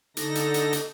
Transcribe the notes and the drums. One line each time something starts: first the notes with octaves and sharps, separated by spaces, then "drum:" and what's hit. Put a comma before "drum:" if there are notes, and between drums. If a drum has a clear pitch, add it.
D3 D#4 A4 A#6, drum: hi-hat
drum: hi-hat
drum: hi-hat
drum: hi-hat